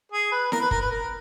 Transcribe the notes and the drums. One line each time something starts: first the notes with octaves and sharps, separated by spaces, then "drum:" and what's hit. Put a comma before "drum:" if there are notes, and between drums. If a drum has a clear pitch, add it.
G#4
B4
A#4, drum: snare E4
B4
A#4, drum: kick
B4
A#4